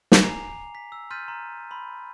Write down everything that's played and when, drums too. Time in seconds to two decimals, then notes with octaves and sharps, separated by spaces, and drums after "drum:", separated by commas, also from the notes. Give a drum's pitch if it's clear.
0.12 drum: snare
0.22 G#5 A#5 D6 C7 F7
0.75 B6
0.92 E6
1.10 C6 F6 G6 A6 B6 D#7
1.28 A#5 C6
1.71 B5 C6